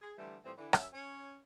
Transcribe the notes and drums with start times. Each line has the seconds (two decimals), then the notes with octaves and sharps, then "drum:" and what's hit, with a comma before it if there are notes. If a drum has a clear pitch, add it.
0.02 G#4
0.18 D3 E3 F3 G3 A3
0.44 A2 E3 F3 G3 C4
0.58 D3 E3
0.73 F#2 C#4 E5, drum: rim click
0.93 C#4 C#5